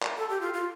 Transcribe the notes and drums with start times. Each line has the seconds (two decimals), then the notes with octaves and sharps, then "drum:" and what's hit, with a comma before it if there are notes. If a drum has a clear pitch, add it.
0.02 drum: clap
0.17 A4
0.29 G4
0.41 F4
0.54 F4